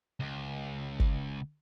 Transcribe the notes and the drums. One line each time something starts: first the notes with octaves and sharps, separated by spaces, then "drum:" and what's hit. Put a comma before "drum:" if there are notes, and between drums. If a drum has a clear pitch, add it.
C#2
drum: kick G1